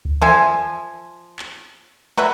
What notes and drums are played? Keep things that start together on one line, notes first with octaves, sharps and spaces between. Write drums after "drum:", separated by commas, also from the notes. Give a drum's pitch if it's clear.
drum: kick D2
F3 E5 G#5, drum: tom D#3
drum: clap
F#3 B4 E5, drum: snare